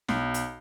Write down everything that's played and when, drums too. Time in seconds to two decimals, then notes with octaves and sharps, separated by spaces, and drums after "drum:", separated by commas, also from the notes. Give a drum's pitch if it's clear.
0.08 B1, drum: snare
0.34 drum: hi-hat